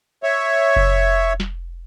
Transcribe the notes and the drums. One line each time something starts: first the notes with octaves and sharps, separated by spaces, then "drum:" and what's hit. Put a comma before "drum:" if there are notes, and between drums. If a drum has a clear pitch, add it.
C#5 E5
drum: kick F#1
drum: snare